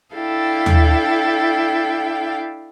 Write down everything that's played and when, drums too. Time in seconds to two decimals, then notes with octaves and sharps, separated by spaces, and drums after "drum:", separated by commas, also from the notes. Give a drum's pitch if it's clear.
0.14 D4 E4 A4 F5 G5
0.66 drum: tom D#2